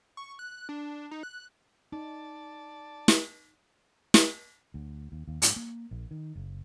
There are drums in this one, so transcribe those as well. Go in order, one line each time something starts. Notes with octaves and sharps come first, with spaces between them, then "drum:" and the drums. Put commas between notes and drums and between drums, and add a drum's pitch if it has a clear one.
C#6
F#6
D4
D#4
F#6
D#4 D5 A5
drum: snare
drum: snare
D2
D#2
D#2
G#2, drum: hi-hat
A#3
A#1
D#3
F#1